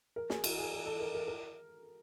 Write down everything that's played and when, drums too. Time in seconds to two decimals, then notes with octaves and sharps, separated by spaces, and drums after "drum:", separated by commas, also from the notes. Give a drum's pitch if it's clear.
0.16 A#4
0.30 G#4, drum: snare
0.44 F#4, drum: cymbal
0.58 G#4
0.73 G#4
0.86 A4
1.00 A#4
1.15 A#4
1.28 A#4